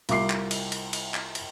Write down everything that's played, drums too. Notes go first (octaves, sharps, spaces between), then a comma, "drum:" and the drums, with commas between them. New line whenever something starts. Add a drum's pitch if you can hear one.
C2 F4 E5 D6 C7, drum: cymbal
drum: clap
drum: cymbal
drum: cymbal
drum: cymbal
drum: clap
drum: cymbal